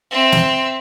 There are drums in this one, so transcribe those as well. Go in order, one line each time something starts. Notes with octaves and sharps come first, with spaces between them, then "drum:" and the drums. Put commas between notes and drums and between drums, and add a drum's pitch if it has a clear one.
C4 E5
drum: snare